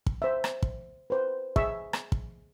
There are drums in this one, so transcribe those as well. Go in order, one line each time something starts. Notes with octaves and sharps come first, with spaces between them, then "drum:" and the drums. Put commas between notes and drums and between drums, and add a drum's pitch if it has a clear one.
drum: kick
C5 E5
drum: rim click
drum: kick
B4 C5
G#4 E5 C#6, drum: kick
drum: rim click
drum: kick